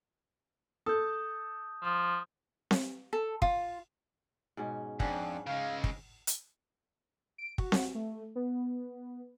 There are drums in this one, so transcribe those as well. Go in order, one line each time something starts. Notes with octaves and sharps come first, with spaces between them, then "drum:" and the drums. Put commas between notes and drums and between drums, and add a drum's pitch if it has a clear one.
A4 D#6 G6
F3
drum: snare C4
A4
F4, drum: kick
G#2 B2 C#4
F2 C#4 D4 C5 F#5, drum: kick
C#3 G#3 F5
drum: kick
drum: hi-hat
D7
F#4, drum: kick
drum: snare C4
A3
B3